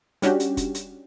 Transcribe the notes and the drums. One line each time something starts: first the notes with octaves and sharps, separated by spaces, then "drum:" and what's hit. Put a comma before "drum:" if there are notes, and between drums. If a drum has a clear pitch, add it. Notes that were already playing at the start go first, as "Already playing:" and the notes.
G3 C#4 D4 F#4 G4, drum: hi-hat
drum: hi-hat
drum: kick F1, hi-hat
drum: hi-hat